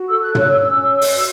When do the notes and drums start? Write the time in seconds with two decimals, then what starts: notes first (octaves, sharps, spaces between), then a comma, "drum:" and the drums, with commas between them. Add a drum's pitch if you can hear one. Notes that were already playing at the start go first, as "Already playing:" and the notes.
Already playing: F#4
0.09 A4 E6
0.22 F#6
0.35 C#5 F#6, drum: tom
0.49 E6
0.62 C#4 E6
0.89 C#5
1.01 drum: open hi-hat
1.15 F#4